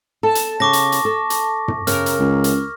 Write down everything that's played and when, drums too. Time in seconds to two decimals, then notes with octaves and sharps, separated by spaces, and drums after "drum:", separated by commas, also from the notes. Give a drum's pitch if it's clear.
0.23 A4 A5
0.35 drum: hi-hat
0.60 C#3 C#6 D6 A#6
0.73 drum: hi-hat
0.92 drum: hi-hat
1.05 A4
1.30 drum: hi-hat
1.68 drum: tom
1.87 C#3 A#4 F6, drum: hi-hat
2.06 drum: hi-hat
2.19 C#2
2.44 drum: hi-hat